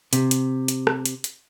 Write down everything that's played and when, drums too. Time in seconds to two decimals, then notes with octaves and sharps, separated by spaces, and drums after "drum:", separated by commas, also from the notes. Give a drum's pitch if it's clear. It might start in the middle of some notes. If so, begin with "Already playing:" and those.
0.13 C3, drum: hi-hat
0.31 drum: hi-hat
0.68 drum: hi-hat
0.87 drum: rim click
1.06 drum: hi-hat
1.24 drum: hi-hat